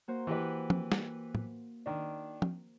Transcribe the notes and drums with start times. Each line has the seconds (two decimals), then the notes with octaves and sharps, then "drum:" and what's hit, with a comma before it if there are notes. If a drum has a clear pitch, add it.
0.08 A#3 F#4 C5
0.27 E3 G4 B4
0.70 drum: tom
0.92 drum: snare
1.35 drum: tom
1.86 D#3 D4
2.42 drum: tom